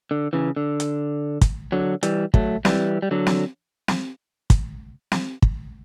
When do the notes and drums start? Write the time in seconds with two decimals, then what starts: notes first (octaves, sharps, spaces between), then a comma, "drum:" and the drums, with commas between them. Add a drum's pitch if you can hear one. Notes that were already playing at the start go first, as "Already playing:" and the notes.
0.11 D3
0.33 C#3 E3
0.56 D3
0.80 drum: hi-hat
1.41 drum: kick, hi-hat
1.72 D3 F#3
2.03 E3 G3, drum: hi-hat
2.34 F#3 A3, drum: kick
2.65 E3 G3, drum: snare
3.02 G3
3.11 D3 F#3
3.27 drum: snare
3.88 drum: snare
4.50 drum: kick, hi-hat
5.12 drum: snare
5.42 drum: kick